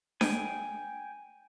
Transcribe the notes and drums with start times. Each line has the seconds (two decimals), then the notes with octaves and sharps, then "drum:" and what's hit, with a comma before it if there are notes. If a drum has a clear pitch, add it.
0.21 G5 G#5, drum: snare D4